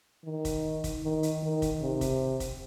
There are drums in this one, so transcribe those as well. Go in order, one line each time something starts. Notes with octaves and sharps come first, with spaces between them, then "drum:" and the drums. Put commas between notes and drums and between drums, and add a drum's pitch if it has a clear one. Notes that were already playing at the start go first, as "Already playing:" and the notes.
D#3
drum: kick, hi-hat
drum: kick, hi-hat
D#3
drum: hi-hat
D#3
drum: kick, hi-hat
C3
drum: kick, hi-hat
drum: kick, hi-hat